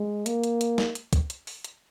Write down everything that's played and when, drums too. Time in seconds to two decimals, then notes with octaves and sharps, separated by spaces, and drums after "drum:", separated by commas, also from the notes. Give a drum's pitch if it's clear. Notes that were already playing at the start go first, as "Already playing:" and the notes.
Already playing: G#3
0.26 A#3, drum: hi-hat
0.44 drum: hi-hat
0.61 drum: hi-hat
0.78 drum: snare
0.95 drum: hi-hat
1.13 drum: kick, hi-hat
1.30 drum: hi-hat
1.47 drum: open hi-hat
1.64 drum: hi-hat